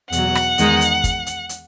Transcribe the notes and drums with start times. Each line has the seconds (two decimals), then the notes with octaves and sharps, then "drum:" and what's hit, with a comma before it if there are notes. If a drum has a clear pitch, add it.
0.12 E2 B2 F#3 F#5, drum: hi-hat
0.35 drum: rim click
0.58 E2 D#3 G#3 D#4, drum: hi-hat
0.81 drum: hi-hat
1.04 drum: kick, hi-hat
1.27 drum: hi-hat
1.49 drum: hi-hat